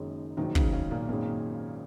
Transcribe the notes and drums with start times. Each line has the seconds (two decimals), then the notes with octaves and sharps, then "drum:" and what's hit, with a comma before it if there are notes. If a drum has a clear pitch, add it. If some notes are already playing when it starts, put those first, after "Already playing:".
Already playing: F#1 F#2 D#3 G#3 D#4
0.37 A#1 G#2 D#3 F#3 D#4
0.55 C#3 C#4, drum: kick
0.73 C#3 C#4
0.91 A#2 A#3
1.09 G#1 F#2 A#2 D#3 G#3 A#3